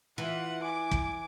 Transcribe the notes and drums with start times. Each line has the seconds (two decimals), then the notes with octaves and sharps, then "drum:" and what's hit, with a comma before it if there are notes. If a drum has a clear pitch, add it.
0.18 E3 F4 F#5
0.63 G#5 D6
0.91 drum: kick